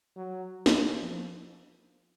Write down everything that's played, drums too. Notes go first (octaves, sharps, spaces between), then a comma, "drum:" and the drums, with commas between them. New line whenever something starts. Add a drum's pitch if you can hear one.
F#3
drum: snare
F3